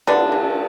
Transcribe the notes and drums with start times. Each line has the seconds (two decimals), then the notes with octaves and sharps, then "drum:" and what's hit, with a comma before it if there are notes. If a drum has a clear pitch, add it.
0.07 D3 B3 D4, drum: cymbal
0.32 E3